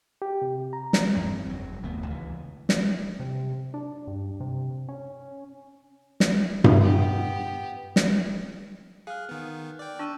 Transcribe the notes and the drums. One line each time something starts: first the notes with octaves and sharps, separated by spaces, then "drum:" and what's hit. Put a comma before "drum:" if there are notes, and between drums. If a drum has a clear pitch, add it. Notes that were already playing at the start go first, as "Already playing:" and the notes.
G4
C3
A#5
drum: snare
E2 G2 C4
F#1 F#3
D#1 D#2 A3 B3
C#2 E3
drum: snare
C3
D4
G2
C3
C#4
drum: snare
drum: tom G2
B3 G4
drum: snare
G#4 F5 F6 F#6
D#3 B3
D5 G5
D4 C#6 E6 D#7